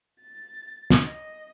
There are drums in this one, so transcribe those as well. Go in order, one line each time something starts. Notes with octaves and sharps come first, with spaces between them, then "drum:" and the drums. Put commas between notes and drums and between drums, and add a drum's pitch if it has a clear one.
A6
drum: snare
D#5